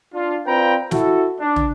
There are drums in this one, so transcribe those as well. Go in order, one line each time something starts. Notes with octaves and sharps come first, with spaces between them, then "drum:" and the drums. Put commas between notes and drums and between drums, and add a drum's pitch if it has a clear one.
D4 F4
C4 F4 B4 D5 G5 A#5
E4 F#4 A4, drum: snare
D4
drum: tom